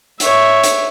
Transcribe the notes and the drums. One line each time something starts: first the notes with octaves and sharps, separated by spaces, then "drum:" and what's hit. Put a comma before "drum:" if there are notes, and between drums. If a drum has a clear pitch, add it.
C#5 E5, drum: hi-hat
drum: hi-hat